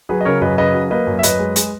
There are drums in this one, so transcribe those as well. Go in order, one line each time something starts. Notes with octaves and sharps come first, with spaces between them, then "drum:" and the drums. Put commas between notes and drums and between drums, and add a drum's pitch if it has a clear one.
F#3 G#4 B4
D#5
C#3 A#4 C#5
F#2 B4 D#5
C#3 B4 D#5
F#3
A#3 B4 D#5
F#2
E5
F#2 B4 D#5, drum: hi-hat
G#3
G#3, drum: hi-hat